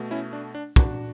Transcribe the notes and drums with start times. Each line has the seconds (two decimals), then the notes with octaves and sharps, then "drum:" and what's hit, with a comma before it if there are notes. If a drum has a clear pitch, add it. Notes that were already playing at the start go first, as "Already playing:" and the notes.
Already playing: B2 A3
0.11 C#4 E4
0.33 D4
0.55 D4
0.76 D4 F#4, drum: kick